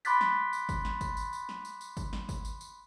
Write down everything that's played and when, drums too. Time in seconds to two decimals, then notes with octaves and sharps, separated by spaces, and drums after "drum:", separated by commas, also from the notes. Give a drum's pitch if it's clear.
0.05 B5 C6 D6 F#6 A6 B6, drum: tambourine
0.21 drum: snare
0.53 drum: tambourine
0.69 drum: kick G1, tambourine
0.85 drum: snare
1.01 drum: kick G1, tambourine
1.17 drum: tambourine
1.33 drum: tambourine
1.49 drum: snare
1.65 drum: tambourine
1.81 drum: tambourine
1.97 drum: kick G1, tambourine
2.13 drum: snare
2.29 drum: kick G1, tambourine
2.45 drum: tambourine
2.61 drum: tambourine